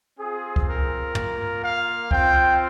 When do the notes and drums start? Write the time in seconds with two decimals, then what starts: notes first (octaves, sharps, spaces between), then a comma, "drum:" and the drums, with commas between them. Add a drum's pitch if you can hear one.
0.19 C4 F4 G#4
0.56 drum: kick C#2
0.67 A#4
1.15 A#3 F4, drum: tom
1.63 F5
2.11 C4 F4 G5, drum: kick C#2